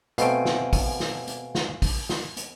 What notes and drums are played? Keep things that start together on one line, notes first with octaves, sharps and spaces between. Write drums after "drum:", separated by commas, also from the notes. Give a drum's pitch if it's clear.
B2 A3 C4 F5 G#5 D7, drum: hi-hat
drum: snare
drum: kick, open hi-hat
drum: snare
drum: hi-hat
drum: snare
drum: kick, open hi-hat
drum: snare
drum: hi-hat